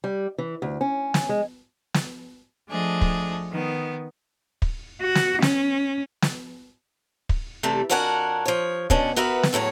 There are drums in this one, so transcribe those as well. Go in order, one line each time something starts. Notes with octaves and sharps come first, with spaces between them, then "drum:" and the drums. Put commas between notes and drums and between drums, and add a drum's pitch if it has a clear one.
G3
E3
D2
C#4
drum: snare
G#3
drum: snare
F3 A3 D4 G#4 D#5
drum: kick
D#3 B3
drum: kick
F#4
drum: snare
C#4, drum: snare
drum: snare
drum: kick
C3 E3 G3 A3
F2 D4 F#4 A#4 F#5 G#5
F3 C#5
B2 C#4 D4, drum: kick
B3 F#4 A#4 B4 E5
drum: snare
E2 A2 F#3 C#5